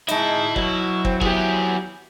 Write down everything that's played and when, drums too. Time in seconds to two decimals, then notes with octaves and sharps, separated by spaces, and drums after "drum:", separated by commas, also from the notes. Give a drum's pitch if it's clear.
0.08 G#3 D#4 E4 D#5 A5, drum: hi-hat
0.56 B2 F#3, drum: kick
1.05 C4, drum: kick
1.21 B3 E4 G4 G#4, drum: kick